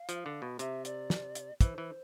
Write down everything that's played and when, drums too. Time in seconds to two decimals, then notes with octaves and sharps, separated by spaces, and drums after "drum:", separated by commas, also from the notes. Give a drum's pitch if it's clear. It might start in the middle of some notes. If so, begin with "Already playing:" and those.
Already playing: F5
0.09 F3, drum: hi-hat
0.26 D3
0.42 B2
0.59 C3 E5, drum: hi-hat
0.85 D5, drum: hi-hat
1.10 drum: snare
1.35 drum: hi-hat
1.61 E3 C5, drum: kick, hi-hat
1.78 E3